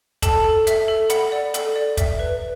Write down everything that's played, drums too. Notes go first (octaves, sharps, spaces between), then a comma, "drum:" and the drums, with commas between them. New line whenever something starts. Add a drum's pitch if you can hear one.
A4 A5, drum: kick, hi-hat
A4
E5, drum: hi-hat
A4
F#5 B5, drum: hi-hat
D5
A4, drum: hi-hat
D5
E5, drum: kick, hi-hat
B4